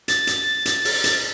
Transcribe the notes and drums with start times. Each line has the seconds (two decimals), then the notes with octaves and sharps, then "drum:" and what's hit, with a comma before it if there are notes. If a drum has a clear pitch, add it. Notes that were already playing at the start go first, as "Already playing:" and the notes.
0.08 A6, drum: hi-hat
0.27 drum: hi-hat
0.65 drum: hi-hat
0.85 drum: open hi-hat
1.04 drum: hi-hat